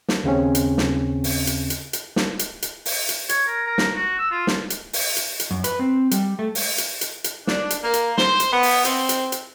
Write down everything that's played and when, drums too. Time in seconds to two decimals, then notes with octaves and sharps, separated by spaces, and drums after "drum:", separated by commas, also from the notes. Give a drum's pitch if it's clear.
0.08 drum: snare
0.24 D#2 C#3 C4 C#4
0.55 drum: hi-hat
0.78 drum: snare
1.24 drum: open hi-hat
1.47 drum: hi-hat
1.70 drum: hi-hat
1.93 drum: hi-hat
2.16 drum: snare
2.39 drum: hi-hat
2.62 drum: hi-hat
2.86 drum: open hi-hat
3.09 drum: hi-hat
3.29 C#5, drum: hi-hat
3.47 A#4
3.66 A#4
3.78 drum: snare
3.95 F#4
4.19 E6
4.31 F4
4.47 drum: snare
4.70 drum: hi-hat
4.93 drum: open hi-hat
5.16 drum: hi-hat
5.40 drum: hi-hat
5.51 F#2
5.64 B4, drum: hi-hat
5.79 C4
6.11 G3, drum: hi-hat
6.39 A3
6.55 drum: open hi-hat
6.78 drum: hi-hat
7.01 drum: hi-hat
7.24 drum: hi-hat
7.47 D4, drum: snare
7.70 drum: hi-hat
7.83 A#3
7.94 drum: hi-hat
8.18 C5, drum: snare
8.40 drum: hi-hat
8.52 B3
8.63 drum: open hi-hat
8.85 C4, drum: hi-hat
9.09 drum: hi-hat
9.32 drum: hi-hat